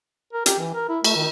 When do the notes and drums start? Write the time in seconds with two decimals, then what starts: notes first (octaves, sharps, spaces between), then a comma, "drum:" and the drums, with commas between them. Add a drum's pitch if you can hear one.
0.33 A#4
0.46 G4, drum: hi-hat
0.59 E3
0.74 A#4
0.89 E4
1.04 A3, drum: cymbal
1.16 D#3